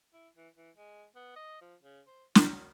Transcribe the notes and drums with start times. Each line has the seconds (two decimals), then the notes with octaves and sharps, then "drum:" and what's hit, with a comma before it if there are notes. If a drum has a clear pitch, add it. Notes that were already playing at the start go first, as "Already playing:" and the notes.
0.13 E4
0.37 E3
0.56 E3
0.76 G#3
1.15 B3
1.36 D#5
1.61 F3
1.83 C#3
2.07 C5
2.35 F#3, drum: snare